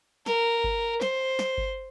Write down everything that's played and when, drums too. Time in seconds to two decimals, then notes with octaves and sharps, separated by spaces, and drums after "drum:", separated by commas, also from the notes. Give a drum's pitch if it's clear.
0.26 A#4, drum: snare
0.64 drum: kick G1
1.01 C5, drum: snare
1.39 drum: snare
1.58 drum: kick G1